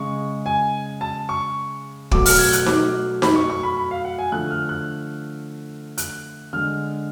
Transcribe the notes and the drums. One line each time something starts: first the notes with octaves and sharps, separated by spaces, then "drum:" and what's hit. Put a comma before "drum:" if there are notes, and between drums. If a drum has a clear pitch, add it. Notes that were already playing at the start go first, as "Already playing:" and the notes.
Already playing: C#3 G#3 C#6
G#5
A5
C#6
B2 F#3 A3 D6, drum: kick
F6, drum: open hi-hat
G#6
F#6, drum: hi-hat
D6, drum: snare D#4
B5, drum: snare D#4
C#6
C#6
B5
B5
F5
F#5
G#5
D3 F3 A3 F#6
F6
F#6
F#6, drum: hi-hat
D3 G#3 F6